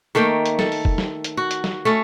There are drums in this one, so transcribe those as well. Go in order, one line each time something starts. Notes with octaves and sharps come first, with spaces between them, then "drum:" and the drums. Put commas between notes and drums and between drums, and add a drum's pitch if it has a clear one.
D#3 A3 A#3 G5
drum: hi-hat
A4, drum: snare
drum: open hi-hat
drum: kick F1
drum: snare
drum: hi-hat
F#4
drum: hi-hat
drum: snare
A3 C#4 A4